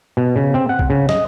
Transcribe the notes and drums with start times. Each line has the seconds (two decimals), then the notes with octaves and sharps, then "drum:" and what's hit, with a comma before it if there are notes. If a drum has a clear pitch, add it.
0.17 B2
0.36 C#3
0.54 C4
0.69 F#5
0.79 drum: kick B1
0.90 C#3
1.09 D#5, drum: snare